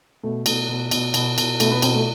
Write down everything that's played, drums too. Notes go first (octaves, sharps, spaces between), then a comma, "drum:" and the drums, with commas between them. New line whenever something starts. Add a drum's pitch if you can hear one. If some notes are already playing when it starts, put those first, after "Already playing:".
B2 A3
B2 A3, drum: cymbal
B2
B2, drum: cymbal
B2, drum: cymbal
B2, drum: cymbal
B2 A3, drum: cymbal
B3
B2 C4, drum: cymbal
A3